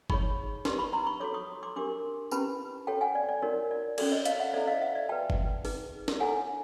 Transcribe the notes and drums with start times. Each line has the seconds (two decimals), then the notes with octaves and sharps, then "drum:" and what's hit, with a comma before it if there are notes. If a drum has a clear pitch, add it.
0.10 D#4 G#4 C#5 B5 C#6, drum: kick F#1
0.65 D#4 G4 B4 C6 D6, drum: snare
0.79 B5 C#6
0.93 A#5 C6
1.07 B5 C#6
1.20 F#4 A4 C#5 C6 D6
1.34 C#6 D#6
1.63 C6 D6
1.76 D4 G4 A#4 C6 D6
2.31 C#4 E4 G4 B4 A5 B5, drum: tambourine
2.87 F#4 A4 C#5 G5 A5
3.01 F#5 G#5
3.15 D5
3.29 D5
3.42 D#4 F#4 A#4 C#5
3.71 D5
3.98 C#4 F#4 A4 D5, drum: cymbal
4.12 C#5 D#5
4.25 D#5 F5, drum: hi-hat
4.40 E5 F#5
4.53 E4 A4 C5 D5 E5
4.67 D#5 F5
4.81 E5 F#5
4.95 D5 E5
5.09 F#4 B4 G5 A5
5.30 drum: kick F#1
5.65 D#4 G#4 B4, drum: open hi-hat
6.08 drum: snare
6.20 E4 A4 C#5 F#5 G#5